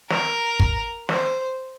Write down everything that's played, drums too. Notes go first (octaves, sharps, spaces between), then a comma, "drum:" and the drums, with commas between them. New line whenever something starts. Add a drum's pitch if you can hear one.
A#4, drum: snare
drum: kick
C5, drum: snare